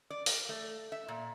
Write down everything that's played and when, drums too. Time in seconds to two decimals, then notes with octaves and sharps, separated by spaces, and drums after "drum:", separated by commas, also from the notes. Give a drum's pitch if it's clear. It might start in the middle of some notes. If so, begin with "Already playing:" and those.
0.10 D5
0.26 F5, drum: open hi-hat
0.49 A3
0.92 E5
1.08 A#2